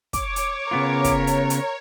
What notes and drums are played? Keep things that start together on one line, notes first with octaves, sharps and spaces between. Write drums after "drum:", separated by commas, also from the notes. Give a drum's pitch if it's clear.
C#5 D6, drum: kick, hi-hat
drum: hi-hat
C#3 B3 F4 A#4
drum: kick, hi-hat
drum: hi-hat
drum: hi-hat